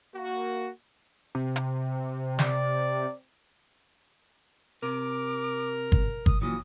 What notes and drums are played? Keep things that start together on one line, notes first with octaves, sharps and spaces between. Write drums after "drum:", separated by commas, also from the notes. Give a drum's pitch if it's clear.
A#3 F#4
C3
drum: hi-hat
D5, drum: snare
C3 A#4 D6
drum: kick G1
D#6, drum: kick G1
A#2 E3 F#3 D#6